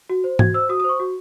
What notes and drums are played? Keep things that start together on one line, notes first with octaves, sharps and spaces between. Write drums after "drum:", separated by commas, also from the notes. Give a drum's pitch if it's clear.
F#4
C5
F#4 G#6, drum: tom G#2
C5 E6
F#4 D#6
D#6
C5 C#6
F#4